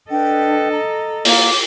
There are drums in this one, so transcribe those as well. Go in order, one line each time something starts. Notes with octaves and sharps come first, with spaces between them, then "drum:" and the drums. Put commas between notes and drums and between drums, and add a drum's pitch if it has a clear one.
D4 A4 B4 D#5 G5
A#5
A#3 D6, drum: open hi-hat